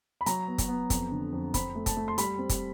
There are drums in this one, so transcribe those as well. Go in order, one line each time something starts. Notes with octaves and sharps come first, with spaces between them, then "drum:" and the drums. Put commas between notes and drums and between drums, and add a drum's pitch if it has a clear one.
B5
F#3 A#5, drum: hi-hat
B3
drum: kick, hi-hat
B3
F2, drum: kick, hi-hat
D3
F2
C4 B5, drum: kick, hi-hat
A3
A5, drum: kick, hi-hat
A3
C6
G3 B5, drum: hi-hat
C4
drum: kick, hi-hat